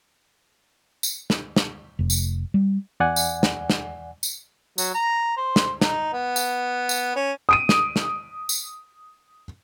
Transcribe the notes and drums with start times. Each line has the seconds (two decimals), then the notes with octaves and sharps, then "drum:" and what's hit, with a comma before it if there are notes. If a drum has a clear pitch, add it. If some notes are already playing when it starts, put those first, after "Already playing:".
1.03 drum: tambourine
1.30 drum: snare
1.56 drum: snare
1.99 F1
2.10 drum: tambourine
2.54 G3
3.00 E2 D5 F#5 G#5
3.16 drum: tambourine
3.43 drum: snare
3.70 drum: snare
4.23 drum: tambourine
4.78 F#3, drum: tambourine
4.94 A#5
5.37 C5
5.56 drum: snare
5.81 D#4, drum: snare
6.13 B3
6.36 drum: tambourine
6.89 drum: tambourine
7.16 C#4
7.49 D#6 D7 D#7
7.69 drum: snare
7.96 drum: snare
8.49 drum: tambourine